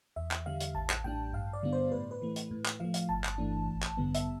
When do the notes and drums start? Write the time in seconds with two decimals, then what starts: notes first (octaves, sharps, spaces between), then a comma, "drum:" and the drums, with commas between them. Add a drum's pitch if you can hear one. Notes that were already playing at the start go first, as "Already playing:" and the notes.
0.16 E2 E5
0.31 drum: clap
0.46 D3 G3 F5
0.61 drum: hi-hat
0.75 A1 A5
0.90 drum: clap
1.04 A2 G3 D4 G5
1.33 G2 F5
1.53 D5
1.63 D3 G3 B3 D4
1.73 C5
1.92 A2 B4
2.11 B4
2.22 E3 A3
2.36 drum: hi-hat
2.51 A2
2.65 drum: clap
2.80 F3 A3 F5
2.94 F5, drum: hi-hat
3.09 G1 A5
3.24 drum: clap
3.38 G2 E3 A3 D4
3.68 A1
3.83 drum: clap
3.97 G2 D3 G3 B3
4.15 E5, drum: hi-hat